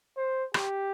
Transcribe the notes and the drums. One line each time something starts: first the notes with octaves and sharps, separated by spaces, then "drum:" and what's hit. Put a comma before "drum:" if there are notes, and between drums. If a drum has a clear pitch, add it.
C5
G4, drum: rim click